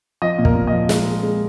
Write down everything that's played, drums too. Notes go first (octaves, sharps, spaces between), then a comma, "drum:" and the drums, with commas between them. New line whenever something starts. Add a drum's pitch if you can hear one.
F3 D#5
A#2
A#4, drum: kick
A#2
D#5
F3
G#3, drum: snare
G#3
G#3